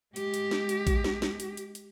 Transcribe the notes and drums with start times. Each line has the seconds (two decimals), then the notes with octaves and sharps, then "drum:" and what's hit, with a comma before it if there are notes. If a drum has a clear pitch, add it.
0.16 G#3 G4, drum: hi-hat
0.34 drum: hi-hat
0.51 drum: snare
0.69 drum: hi-hat
0.87 drum: kick A#1, hi-hat
1.04 drum: snare
1.22 drum: snare
1.40 drum: hi-hat
1.57 drum: hi-hat
1.75 drum: hi-hat